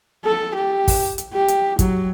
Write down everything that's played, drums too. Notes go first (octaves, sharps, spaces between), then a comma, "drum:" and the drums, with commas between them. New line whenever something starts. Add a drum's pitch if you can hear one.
A4
G4
drum: kick, open hi-hat
drum: hi-hat
G4
drum: hi-hat
F#3, drum: kick, hi-hat